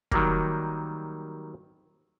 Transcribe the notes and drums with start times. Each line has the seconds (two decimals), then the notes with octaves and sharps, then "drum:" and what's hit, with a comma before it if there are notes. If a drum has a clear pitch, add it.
0.11 D#3 F#3 G3 A#3, drum: kick